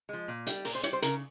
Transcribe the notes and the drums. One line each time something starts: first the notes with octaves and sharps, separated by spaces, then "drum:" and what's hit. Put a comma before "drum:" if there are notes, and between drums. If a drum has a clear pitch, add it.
F3 G#3
A#2
G3, drum: hi-hat
A#2 A#4, drum: open hi-hat
C5
G3 C#5, drum: hi-hat
C5
C#3 A#4, drum: hi-hat